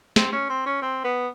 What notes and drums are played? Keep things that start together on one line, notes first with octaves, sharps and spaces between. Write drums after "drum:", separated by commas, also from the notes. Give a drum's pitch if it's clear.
C4, drum: snare
C#4
C4
C#4
C4
B3